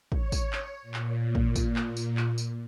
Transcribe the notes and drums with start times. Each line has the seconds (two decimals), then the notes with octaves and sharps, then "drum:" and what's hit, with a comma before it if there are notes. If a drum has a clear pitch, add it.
0.12 C#5, drum: kick
0.32 drum: kick, tambourine
0.53 drum: clap
0.82 A#2
0.94 drum: clap
1.35 drum: kick
1.56 drum: kick, tambourine
1.76 drum: clap
1.97 drum: tambourine
2.17 drum: clap
2.38 drum: tambourine